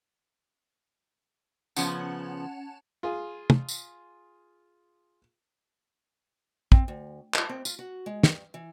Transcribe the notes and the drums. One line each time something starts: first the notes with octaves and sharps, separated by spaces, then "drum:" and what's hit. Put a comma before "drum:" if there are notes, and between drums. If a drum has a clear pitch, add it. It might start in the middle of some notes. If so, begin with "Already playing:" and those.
C#3 F3 B3 C#4 F#5 A5, drum: tambourine
F4 G#4
drum: tom
drum: tambourine
C4, drum: kick
D2
A5, drum: clap
C4
F4, drum: tambourine
F#4
G#3
G2, drum: snare
E3